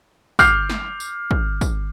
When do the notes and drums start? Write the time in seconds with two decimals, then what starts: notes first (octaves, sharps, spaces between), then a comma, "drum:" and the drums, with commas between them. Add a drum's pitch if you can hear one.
0.39 D6 F6 G6 C7, drum: kick, tambourine
0.70 drum: snare
1.00 drum: tambourine
1.31 drum: kick
1.61 drum: kick, tambourine